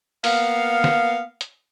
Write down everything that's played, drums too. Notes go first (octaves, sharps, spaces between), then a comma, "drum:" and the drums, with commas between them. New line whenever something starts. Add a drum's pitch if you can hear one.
A#3 B3 F5, drum: open hi-hat
drum: snare
drum: hi-hat